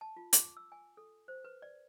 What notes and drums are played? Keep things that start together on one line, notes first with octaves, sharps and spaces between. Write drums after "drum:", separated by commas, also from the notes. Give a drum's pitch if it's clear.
A5
F4
D6, drum: hi-hat
E6
G#5
A4
C5
B4
D5